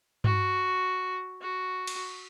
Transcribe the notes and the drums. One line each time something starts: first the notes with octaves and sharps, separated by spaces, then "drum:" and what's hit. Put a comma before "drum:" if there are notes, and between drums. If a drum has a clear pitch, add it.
F#4, drum: tom G2
F#4
drum: cymbal